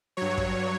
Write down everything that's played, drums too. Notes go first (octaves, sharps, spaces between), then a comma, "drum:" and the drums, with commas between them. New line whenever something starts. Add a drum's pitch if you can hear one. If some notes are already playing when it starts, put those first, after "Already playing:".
G2 F#3 C#5
drum: kick